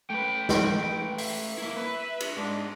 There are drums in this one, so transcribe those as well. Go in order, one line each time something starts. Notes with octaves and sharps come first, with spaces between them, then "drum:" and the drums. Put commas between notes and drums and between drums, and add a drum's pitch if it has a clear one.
A3 B4 G5
drum: snare
E5, drum: open hi-hat
A#3 E4
B4
drum: cymbal
G#2 D4